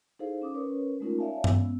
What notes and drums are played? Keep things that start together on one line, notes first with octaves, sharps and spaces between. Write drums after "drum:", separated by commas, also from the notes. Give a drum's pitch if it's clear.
D#4 E4 G#4 A4 C5 F5
C#4 D6 D#6
C#4 A#4 B4 C#5
G#3 A3 C#4 D#4 F4 A#4
C#5 D5 E5 F5 G#5 A5
G#3 B3 C#4 E6, drum: tom G2